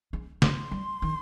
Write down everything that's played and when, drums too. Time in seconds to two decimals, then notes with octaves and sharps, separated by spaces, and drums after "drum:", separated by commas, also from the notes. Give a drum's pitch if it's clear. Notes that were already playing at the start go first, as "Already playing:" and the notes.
0.13 G#3
0.42 G#3 C6, drum: snare
0.71 G3
1.02 D#3